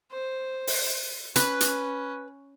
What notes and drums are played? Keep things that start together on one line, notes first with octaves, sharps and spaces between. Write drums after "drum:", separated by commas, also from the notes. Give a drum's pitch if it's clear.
C5
drum: open hi-hat
C#4 B4, drum: hi-hat
drum: hi-hat